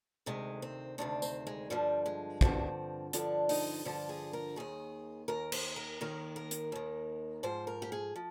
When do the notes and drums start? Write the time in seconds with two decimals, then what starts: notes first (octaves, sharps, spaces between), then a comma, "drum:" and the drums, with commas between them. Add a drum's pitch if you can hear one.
0.26 D2 C3 D#3 G#3
0.62 C4
0.98 D2 C3 D#3 D4
1.22 C4, drum: tambourine
1.47 G#3
1.70 G2 D3 F3 G3
2.06 G#3
2.41 G2 D3 F3 C4, drum: kick
3.13 G2 D3 F3 D4, drum: hi-hat
3.49 D#4, drum: open hi-hat
3.85 G2 D3 F3
4.09 G#4
4.33 A#4
4.56 D#2 D#3 G#4
5.28 D#2 D#3 A#4
5.52 C5, drum: cymbal
5.76 A#4
6.01 D#2 D#3 A#4
6.36 A#4
6.51 drum: hi-hat
6.72 D#2 D#3
7.43 G#2 F3 C5
7.67 A#4
7.82 G4
7.92 G#4
8.16 F3